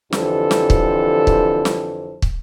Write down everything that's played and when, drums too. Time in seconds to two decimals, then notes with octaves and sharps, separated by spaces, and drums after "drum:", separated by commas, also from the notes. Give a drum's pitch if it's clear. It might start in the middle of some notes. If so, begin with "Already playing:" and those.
0.12 F2 D3 E3 G4 A4 C5, drum: snare
0.51 drum: snare
0.70 drum: kick
1.27 drum: kick
1.65 drum: snare
2.22 drum: kick